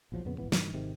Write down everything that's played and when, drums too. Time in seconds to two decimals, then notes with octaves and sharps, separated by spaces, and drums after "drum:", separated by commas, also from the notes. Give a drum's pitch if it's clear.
0.12 A#1 E2 F3 F#3
0.25 F2 A#2 C#3 B3
0.38 D#1 G#1 E3 B3
0.52 G2 B2 D#3, drum: snare
0.73 G#1 G#2 C3 D#3